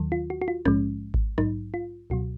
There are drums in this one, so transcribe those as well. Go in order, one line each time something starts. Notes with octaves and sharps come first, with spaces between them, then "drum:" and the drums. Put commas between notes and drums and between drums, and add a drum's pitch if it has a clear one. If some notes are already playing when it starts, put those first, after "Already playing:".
Already playing: D#2 D#3 F#3
F4
F#4
F#4
F4
A#1 G#2 F3 G#3 C#4, drum: rim click
drum: kick G#1
A#1 G#2 F#3 D#4, drum: rim click
F4
C#2 B2 F#3 F#4